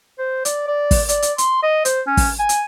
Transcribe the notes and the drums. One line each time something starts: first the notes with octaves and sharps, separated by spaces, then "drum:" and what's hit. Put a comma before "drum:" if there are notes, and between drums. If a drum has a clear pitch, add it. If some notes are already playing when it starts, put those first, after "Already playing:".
C5
D5, drum: hi-hat
D5
drum: kick, open hi-hat
D5, drum: hi-hat
drum: hi-hat
C6, drum: hi-hat
D#5
C5, drum: hi-hat
C#4
drum: kick, open hi-hat
G#5
drum: hi-hat